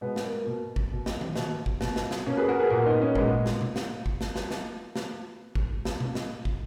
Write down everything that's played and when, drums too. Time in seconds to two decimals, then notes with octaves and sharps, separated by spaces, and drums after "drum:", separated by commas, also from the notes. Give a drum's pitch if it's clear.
0.01 B2 G#3 B3
0.16 A#3, drum: snare
0.31 A#3
0.46 B2
0.76 drum: kick
0.92 B2
1.06 drum: snare
1.21 drum: tom D#3
1.36 B2, drum: snare
1.66 drum: kick
1.81 B2, drum: snare
1.96 drum: snare
2.11 drum: snare
2.26 B2 A#3 C#4
2.37 G#4 B4
2.48 F#4 A#4
2.59 G#4 B4
2.70 A#2 F#4 A#4
2.86 B3 D#4
3.01 A#3 C#4
3.15 A#2 G#3 B3, drum: kick
3.46 drum: snare
3.61 drum: tom B2
3.76 drum: snare
4.06 drum: kick
4.21 drum: snare
4.36 drum: snare
4.51 drum: snare
4.96 drum: snare
5.55 drum: kick
5.85 drum: snare
6.00 drum: tom B2
6.15 drum: snare
6.45 drum: kick